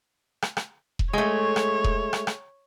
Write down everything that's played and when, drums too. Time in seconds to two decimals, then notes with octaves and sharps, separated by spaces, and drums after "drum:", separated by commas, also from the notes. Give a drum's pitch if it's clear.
0.42 drum: rim click
0.57 drum: rim click
0.99 drum: kick E1
1.13 G#3 A3 C#5
1.56 drum: rim click
1.84 drum: kick E1
2.13 drum: rim click
2.27 drum: rim click